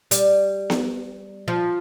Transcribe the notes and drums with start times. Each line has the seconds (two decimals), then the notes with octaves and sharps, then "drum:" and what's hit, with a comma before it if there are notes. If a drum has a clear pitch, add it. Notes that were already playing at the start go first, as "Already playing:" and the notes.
0.11 G3, drum: hi-hat
0.70 drum: snare B3
1.48 F3